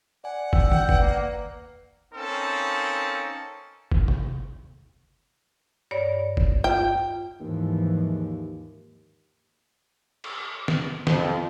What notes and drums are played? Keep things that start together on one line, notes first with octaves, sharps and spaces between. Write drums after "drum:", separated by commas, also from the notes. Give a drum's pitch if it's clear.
D5 F#5 G#5
D5 G5 E6, drum: kick G1
drum: tom
B4 D5, drum: kick G1
A#3
A#3 C4 C#4 D#4 A4
drum: kick G1
drum: tom
G2 C#5 D5
drum: kick G1
F4 G5
D#2 G#2 E3 F3
drum: cymbal
drum: snare
F2, drum: snare